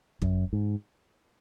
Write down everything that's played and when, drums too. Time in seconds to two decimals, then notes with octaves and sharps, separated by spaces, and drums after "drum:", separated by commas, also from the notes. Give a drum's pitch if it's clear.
0.22 F#2, drum: kick
0.53 G#2